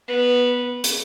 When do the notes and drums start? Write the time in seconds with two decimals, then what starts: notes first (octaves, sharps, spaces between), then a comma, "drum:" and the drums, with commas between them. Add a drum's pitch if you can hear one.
0.08 B3
0.84 drum: hi-hat